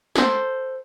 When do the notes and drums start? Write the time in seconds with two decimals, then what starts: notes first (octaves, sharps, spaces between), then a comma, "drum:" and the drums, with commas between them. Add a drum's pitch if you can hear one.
0.16 A4 C5, drum: snare